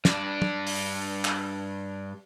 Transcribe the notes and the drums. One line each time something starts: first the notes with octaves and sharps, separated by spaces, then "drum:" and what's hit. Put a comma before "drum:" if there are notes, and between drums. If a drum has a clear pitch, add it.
G2 D4, drum: snare
drum: tom
drum: open hi-hat
drum: clap